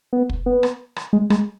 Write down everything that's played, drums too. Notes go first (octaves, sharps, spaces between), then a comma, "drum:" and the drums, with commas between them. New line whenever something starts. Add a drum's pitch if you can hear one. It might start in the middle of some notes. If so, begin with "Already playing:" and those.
B3
drum: kick
B3
drum: rim click
drum: rim click
G#3
G#3, drum: rim click